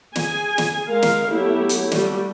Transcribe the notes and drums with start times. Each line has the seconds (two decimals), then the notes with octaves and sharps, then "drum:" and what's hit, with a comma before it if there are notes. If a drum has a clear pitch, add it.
0.16 G#4 G#5, drum: snare
0.58 drum: snare
0.88 G#3 A#4 F5
1.02 drum: snare
1.30 F#3 A3 B3 E4 G4
1.69 drum: hi-hat
1.92 G3 A3 F#4, drum: snare